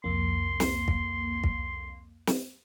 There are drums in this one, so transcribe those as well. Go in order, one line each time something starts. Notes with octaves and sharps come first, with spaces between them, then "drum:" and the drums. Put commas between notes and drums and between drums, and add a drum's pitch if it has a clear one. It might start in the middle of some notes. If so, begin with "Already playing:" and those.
C2 F2 A#3 C6
drum: snare
drum: kick
drum: kick
drum: snare